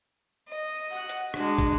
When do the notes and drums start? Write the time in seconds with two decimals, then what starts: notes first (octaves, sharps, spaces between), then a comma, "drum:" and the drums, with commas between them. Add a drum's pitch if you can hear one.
0.49 D#5
0.92 F#5
1.09 drum: hi-hat
1.34 G#3 D4 F#4, drum: rim click
1.58 drum: kick, hi-hat